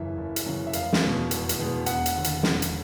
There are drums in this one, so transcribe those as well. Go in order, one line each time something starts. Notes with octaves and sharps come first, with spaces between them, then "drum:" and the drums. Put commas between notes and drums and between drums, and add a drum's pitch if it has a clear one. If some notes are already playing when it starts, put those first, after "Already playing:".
Already playing: F#1 F#2 C#3 E3 E5
F#1
drum: hi-hat
F#2 C#3 E3
E5
F1 F5, drum: hi-hat
drum: snare
E2 B2 G#3 B3
F1, drum: hi-hat
drum: hi-hat
E2 B2 G#3 B3
E1 F#5, drum: hi-hat
drum: hi-hat
D#2 D3
drum: hi-hat
E1, drum: snare
drum: hi-hat